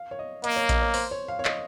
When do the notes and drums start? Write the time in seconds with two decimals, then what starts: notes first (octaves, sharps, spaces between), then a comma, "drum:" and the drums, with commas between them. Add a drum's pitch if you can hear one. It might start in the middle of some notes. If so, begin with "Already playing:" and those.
Already playing: F5
0.11 C#5
0.19 D#5
0.44 A#3 D#5, drum: hi-hat
0.56 C#5
0.69 D#5, drum: kick A#1, hi-hat
0.82 C#5
0.94 C5, drum: open hi-hat
1.11 C#5
1.28 F5
1.39 C#5
1.45 D#5, drum: clap